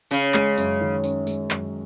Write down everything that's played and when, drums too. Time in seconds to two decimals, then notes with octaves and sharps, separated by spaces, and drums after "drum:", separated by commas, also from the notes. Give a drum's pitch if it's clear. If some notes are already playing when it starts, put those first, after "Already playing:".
0.11 C#3 C#4, drum: tambourine
0.34 G#3, drum: clap
0.58 F#2, drum: tambourine
0.81 D#3
1.04 C#4, drum: tambourine
1.27 G#3, drum: tambourine
1.51 F#2, drum: clap